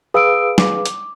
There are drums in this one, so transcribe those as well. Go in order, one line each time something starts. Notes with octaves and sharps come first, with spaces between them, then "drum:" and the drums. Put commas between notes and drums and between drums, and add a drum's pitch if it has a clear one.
G#4 B4 F5 D#6 E6 D7
D6, drum: snare
drum: hi-hat